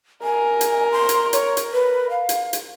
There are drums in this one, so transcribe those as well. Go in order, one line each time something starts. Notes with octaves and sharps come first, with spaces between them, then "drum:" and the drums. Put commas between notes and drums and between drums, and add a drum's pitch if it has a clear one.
A#4 G#5
drum: hi-hat
C6
drum: hi-hat
C#5, drum: hi-hat
drum: hi-hat
B4
F5
drum: hi-hat
drum: hi-hat